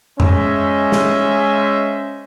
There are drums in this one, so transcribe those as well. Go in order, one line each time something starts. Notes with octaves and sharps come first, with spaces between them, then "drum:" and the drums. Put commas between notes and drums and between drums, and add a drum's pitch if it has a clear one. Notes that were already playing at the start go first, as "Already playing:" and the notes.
G#3 C#4 C5 D#5 E5, drum: tom F2
drum: snare